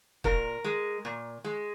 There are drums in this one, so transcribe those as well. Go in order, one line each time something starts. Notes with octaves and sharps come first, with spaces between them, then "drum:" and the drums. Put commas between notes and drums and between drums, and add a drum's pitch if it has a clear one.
A#2 A#4, drum: kick
G#3
A#2
G#3